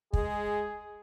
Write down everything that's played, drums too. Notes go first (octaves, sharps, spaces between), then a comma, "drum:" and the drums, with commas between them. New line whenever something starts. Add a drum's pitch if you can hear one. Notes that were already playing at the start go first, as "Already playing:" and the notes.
G#3 G#4, drum: kick